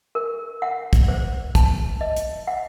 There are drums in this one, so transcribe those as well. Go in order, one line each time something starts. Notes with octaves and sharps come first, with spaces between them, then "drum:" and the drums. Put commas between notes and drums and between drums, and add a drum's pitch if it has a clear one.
A#4
F#5
drum: kick, hi-hat
C5
A5, drum: kick, hi-hat
D#5
drum: hi-hat
F#5